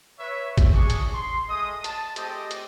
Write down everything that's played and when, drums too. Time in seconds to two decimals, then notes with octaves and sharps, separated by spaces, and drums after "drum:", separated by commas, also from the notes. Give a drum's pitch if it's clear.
0.19 B4 C#5 E5
0.58 drum: kick A1, hi-hat
0.74 D4 G#4 C#6
0.90 drum: hi-hat
1.14 C6
1.49 G#3 A3 D#5 D#6
1.84 A5, drum: hi-hat
2.16 A3 C4 G4 G#4 C5 D#5, drum: hi-hat
2.51 drum: hi-hat